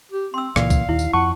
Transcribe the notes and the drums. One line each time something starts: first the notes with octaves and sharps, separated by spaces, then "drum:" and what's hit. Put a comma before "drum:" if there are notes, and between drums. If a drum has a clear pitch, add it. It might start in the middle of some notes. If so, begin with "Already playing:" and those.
G4
C4 C6 E6
C#2 A#2 E3 D5 F5, drum: rim click
drum: kick, tambourine
D#2 E4
drum: tambourine
F2 F#5 A5 C#6